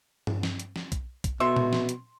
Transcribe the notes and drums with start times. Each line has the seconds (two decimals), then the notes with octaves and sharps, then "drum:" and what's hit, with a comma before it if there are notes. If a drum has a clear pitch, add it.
0.27 drum: tom G2
0.43 drum: snare
0.60 drum: hi-hat
0.76 drum: snare
0.92 drum: kick, hi-hat
1.24 drum: kick, hi-hat
1.40 B2 A4 E5 C6
1.56 drum: tom A#2
1.73 drum: snare
1.89 drum: hi-hat